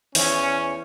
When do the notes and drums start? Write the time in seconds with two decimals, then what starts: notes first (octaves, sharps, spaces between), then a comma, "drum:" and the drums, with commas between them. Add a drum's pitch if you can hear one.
0.15 E2 C#4, drum: open hi-hat